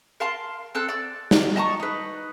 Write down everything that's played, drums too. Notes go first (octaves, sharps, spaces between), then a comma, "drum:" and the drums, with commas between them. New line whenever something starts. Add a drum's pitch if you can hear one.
A#4 F5 A5 C6
C4 A4 F#6
D5 E6
drum: snare
D#5 A5 A#5 C#6
D#4 B4